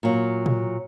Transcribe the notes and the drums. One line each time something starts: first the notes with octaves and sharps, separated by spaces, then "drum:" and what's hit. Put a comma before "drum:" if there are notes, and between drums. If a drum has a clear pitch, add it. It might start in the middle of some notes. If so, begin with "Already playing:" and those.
A#2 F#3
drum: tom